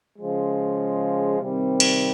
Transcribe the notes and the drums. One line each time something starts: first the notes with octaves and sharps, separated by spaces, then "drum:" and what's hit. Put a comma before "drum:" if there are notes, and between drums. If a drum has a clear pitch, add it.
C#3 F3 G#3
C3 D#3 G3 C4
drum: cymbal